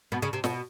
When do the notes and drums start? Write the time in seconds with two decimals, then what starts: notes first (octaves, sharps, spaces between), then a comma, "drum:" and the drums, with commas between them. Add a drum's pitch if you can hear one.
0.12 B2 B3
0.22 C#3 C#4
0.33 C3 C4
0.44 B2 B3, drum: snare